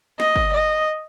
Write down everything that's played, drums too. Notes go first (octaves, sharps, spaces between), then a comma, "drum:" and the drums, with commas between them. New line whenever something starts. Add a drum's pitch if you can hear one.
D#5, drum: snare
drum: kick
D#5